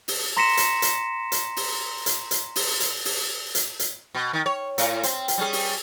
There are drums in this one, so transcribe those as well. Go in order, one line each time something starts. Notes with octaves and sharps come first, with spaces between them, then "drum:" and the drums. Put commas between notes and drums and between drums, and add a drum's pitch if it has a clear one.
drum: open hi-hat
A#5 C6 A#6 B6 C#7 E7
drum: hi-hat
drum: hi-hat
drum: hi-hat
drum: open hi-hat
drum: hi-hat
drum: hi-hat
drum: open hi-hat
drum: hi-hat
drum: open hi-hat
drum: hi-hat
drum: hi-hat
B2
D#3
C#5
A2, drum: hi-hat
C4, drum: hi-hat
drum: hi-hat
G3 C#4 G#4
drum: open hi-hat